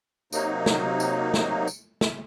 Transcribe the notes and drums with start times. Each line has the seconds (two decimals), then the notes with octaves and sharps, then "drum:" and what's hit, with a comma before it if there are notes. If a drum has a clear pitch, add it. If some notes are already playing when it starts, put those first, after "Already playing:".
0.33 C3 F#3 A#3 D#4, drum: tambourine
0.66 drum: snare
1.00 drum: tambourine
1.34 drum: snare
1.67 drum: tambourine
2.01 drum: snare